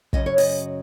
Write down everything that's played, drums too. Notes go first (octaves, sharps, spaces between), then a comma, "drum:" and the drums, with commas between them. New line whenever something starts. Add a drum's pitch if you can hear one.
F#2 C#3 F#3 D#5, drum: kick
C#5
D#5, drum: open hi-hat